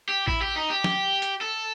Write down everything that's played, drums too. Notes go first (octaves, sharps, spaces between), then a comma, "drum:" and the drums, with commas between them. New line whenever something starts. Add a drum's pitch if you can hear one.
G4
E4, drum: kick A1
G4
D#4
G4
drum: snare
drum: hi-hat
A4